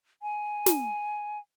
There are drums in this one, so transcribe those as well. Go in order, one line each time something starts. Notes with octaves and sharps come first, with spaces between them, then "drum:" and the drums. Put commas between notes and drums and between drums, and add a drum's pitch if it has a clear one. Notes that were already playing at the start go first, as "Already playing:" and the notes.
G#5
drum: snare